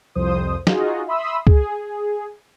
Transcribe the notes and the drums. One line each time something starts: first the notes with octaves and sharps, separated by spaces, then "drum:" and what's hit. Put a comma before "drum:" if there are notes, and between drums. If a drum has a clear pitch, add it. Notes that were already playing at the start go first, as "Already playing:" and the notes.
C2 F2 C5 D#6
D#4 F4 F#4 G#4 D#5, drum: snare
E5 B5 C6 D#6 E6
G#4, drum: kick